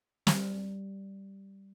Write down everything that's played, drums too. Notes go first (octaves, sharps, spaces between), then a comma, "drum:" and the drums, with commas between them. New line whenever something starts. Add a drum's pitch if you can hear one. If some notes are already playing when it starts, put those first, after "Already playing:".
G3, drum: snare